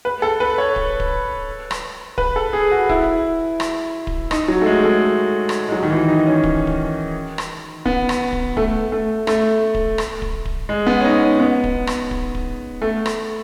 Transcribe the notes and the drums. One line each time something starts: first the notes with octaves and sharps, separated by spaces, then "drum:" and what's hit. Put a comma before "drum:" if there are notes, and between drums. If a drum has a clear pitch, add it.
B4
A4
B4
C#5
drum: kick D1
drum: kick D1
drum: rim click
B4, drum: kick D1
A4
G#4
F#4
E4, drum: kick D1
drum: rim click
drum: kick D1
D#4, drum: rim click
F#3
A3
G#3
A3
drum: rim click
G#3
F#3
D#3
E3
D#4
C#4
drum: kick D1
drum: kick D1
drum: rim click
B3, drum: kick D1
drum: rim click
drum: kick D1
A3, drum: kick D1
A3
A3, drum: rim click
drum: kick D1
drum: rim click
drum: kick D1
drum: kick D1
G#3
B3
C#4
D#4
C#4
B3
drum: kick D1
drum: rim click
drum: kick D1
drum: kick D1
A3
drum: rim click